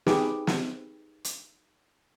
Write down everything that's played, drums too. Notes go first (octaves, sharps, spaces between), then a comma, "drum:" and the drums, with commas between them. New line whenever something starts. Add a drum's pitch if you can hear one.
D#4 G4 G#4 B4 D6, drum: snare
drum: snare
drum: hi-hat